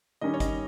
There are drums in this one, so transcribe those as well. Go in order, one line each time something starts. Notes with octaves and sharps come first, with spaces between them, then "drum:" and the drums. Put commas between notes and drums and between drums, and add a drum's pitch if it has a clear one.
D#3 G3 C#4 D#5
C#5
D#5, drum: kick G1, hi-hat